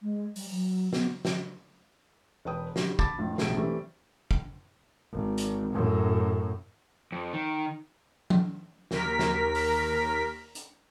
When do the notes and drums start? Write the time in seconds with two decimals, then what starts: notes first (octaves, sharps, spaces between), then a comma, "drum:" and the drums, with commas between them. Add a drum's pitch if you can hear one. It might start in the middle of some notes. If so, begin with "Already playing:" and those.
0.01 G#3
0.36 G3, drum: open hi-hat
0.50 F#3
0.93 B3, drum: snare
1.25 drum: snare
2.45 E1 B4 G5 D#6
2.76 D#3 G3, drum: snare
2.99 A5 B5 D6 A6, drum: kick
3.18 F2 A2 D#3
3.38 E1 B1 A2 C3 G#4 D7, drum: snare
3.56 E3 G3 A3 C4
4.31 drum: kick
5.12 G#1
5.37 drum: hi-hat
5.73 F#2 A2
7.12 F2
7.33 D#3
8.30 drum: tom F3
8.91 D#2 A#4 B6, drum: snare
9.19 drum: snare
9.55 drum: open hi-hat
10.55 drum: hi-hat